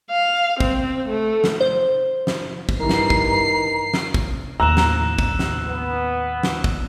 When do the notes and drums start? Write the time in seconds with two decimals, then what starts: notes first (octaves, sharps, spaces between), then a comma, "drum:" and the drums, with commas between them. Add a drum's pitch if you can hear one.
0.11 F5
0.60 C4, drum: kick
1.09 A3
1.44 drum: snare
1.61 C5
2.27 drum: snare
2.69 drum: kick
2.80 G2 D#3 E3 A#5 C7
2.89 drum: snare
3.10 drum: kick
3.94 drum: snare
4.14 drum: kick
4.60 D#2 A2 A#5 E6 F#6 E7
4.77 drum: snare
5.19 drum: kick
5.39 drum: snare
5.65 B3
6.43 drum: snare
6.64 drum: kick